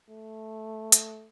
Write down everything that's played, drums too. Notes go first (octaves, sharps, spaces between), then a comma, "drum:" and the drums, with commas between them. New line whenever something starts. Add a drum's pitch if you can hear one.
A3
drum: hi-hat